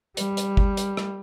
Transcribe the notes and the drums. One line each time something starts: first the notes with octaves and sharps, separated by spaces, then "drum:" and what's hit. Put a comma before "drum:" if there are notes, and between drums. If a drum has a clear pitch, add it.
G3, drum: hi-hat
drum: hi-hat
drum: kick G1
drum: hi-hat
drum: rim click